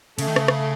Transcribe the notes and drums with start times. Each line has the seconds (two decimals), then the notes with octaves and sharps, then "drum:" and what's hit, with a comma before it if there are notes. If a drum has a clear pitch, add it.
0.19 C#3 A3, drum: cymbal
0.27 D#3
0.36 C#3, drum: rim click
0.48 drum: rim click